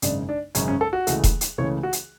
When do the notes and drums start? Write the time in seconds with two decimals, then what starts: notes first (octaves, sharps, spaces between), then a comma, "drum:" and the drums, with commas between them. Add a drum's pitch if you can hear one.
0.02 G#1 F#2 C#3 G#3 D4, drum: hi-hat
0.29 D4
0.55 G#1 F#2 C#3 G#3 C#4, drum: hi-hat
0.68 C#4
0.81 A4
0.93 F#4
1.07 C#2 C#3 E3 A3, drum: hi-hat
1.24 drum: kick E1, hi-hat
1.41 drum: hi-hat
1.58 C#2 C#3 E3 A3 C#5
1.83 F#4
1.93 drum: hi-hat